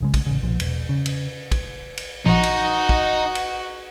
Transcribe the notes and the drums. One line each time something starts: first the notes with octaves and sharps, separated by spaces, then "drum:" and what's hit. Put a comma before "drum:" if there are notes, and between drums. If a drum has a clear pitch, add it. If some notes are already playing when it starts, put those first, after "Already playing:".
C2 C#3 G#3
drum: kick, cymbal
A1 C#3
B1 A#2 F3
E1, drum: cymbal
C#3
drum: cymbal
drum: kick, cymbal
drum: cymbal
A#1 D#4 F#4
drum: cymbal
drum: kick
drum: cymbal